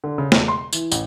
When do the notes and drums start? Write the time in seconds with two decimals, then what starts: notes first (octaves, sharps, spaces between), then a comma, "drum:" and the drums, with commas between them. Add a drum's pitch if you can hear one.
0.04 D3
0.18 C#3
0.32 E1, drum: snare
0.48 C6
0.73 E3, drum: tambourine
0.92 A1, drum: tambourine